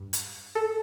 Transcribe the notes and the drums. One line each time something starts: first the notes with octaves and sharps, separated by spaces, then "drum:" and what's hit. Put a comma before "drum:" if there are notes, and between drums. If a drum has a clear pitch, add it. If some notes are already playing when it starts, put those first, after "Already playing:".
Already playing: G2
drum: hi-hat
A4